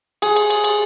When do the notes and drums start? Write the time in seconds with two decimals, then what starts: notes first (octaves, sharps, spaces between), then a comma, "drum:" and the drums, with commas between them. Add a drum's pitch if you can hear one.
0.22 G#4, drum: cymbal
0.36 drum: cymbal
0.50 drum: cymbal
0.64 drum: cymbal